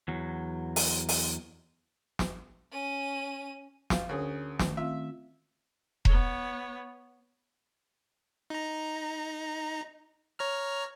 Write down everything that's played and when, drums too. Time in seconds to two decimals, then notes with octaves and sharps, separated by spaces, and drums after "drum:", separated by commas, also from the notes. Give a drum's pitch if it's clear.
0.08 E2 F#3
0.76 drum: open hi-hat
1.09 drum: open hi-hat
2.19 drum: snare
2.71 C#4 D#7
3.90 F4 G6, drum: snare
4.09 D2 C#4 G#4 A#4 C#5
4.59 D#3 A3, drum: snare
4.77 C4 F4 E5 F5
6.05 B3 C#5, drum: kick E1
8.50 D#4 A#5
10.39 C#5 A#5 F6